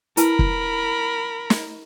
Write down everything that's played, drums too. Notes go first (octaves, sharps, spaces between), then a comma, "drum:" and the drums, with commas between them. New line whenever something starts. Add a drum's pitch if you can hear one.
E4 A#4 B4 A5 B5, drum: hi-hat
drum: kick
drum: snare